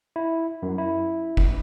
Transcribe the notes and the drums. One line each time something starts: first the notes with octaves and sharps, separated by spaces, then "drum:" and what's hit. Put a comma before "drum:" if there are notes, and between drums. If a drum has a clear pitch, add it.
E4
F#2
E4
drum: kick